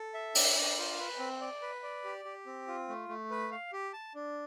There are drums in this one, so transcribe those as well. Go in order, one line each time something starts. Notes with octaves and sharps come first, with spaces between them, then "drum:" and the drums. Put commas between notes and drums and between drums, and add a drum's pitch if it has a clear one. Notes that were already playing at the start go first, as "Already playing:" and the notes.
Already playing: A4
E5
D4, drum: open hi-hat
D4
F4
B4
C4
D5
B4
D5
G4
G4
C4
F4
A3
A3
B4
F5
G4
A5
D4